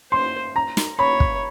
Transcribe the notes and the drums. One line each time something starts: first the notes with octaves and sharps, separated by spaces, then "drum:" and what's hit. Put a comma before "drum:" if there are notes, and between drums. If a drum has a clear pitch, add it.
C5 C6
A#5
drum: snare
C#5 B5
drum: kick